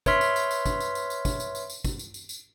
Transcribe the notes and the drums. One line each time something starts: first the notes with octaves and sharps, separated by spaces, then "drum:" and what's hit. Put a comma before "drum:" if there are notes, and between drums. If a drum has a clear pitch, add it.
B4 C#5 E5 C6 F6 B6, drum: kick, tambourine
drum: tambourine
drum: tambourine
drum: tambourine
drum: kick, tambourine
drum: tambourine
drum: tambourine
drum: tambourine
drum: kick, tambourine
drum: tambourine
drum: tambourine
drum: tambourine
drum: kick, tambourine
drum: tambourine
drum: tambourine
drum: tambourine